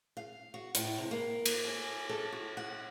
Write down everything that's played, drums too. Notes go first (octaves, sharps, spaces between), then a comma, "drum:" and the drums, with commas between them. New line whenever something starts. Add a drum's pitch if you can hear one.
F5
F#4
A2, drum: hi-hat
C3
A#3
drum: cymbal
G#5
A4
F#4
F#5